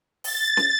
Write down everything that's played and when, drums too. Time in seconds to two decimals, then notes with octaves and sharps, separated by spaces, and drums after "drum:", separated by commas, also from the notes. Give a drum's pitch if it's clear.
0.24 A6, drum: open hi-hat
0.57 drum: snare